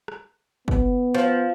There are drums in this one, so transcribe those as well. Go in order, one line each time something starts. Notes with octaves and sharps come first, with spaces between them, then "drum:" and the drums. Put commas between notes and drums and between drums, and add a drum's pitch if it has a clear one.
drum: rim click
B3, drum: kick
F3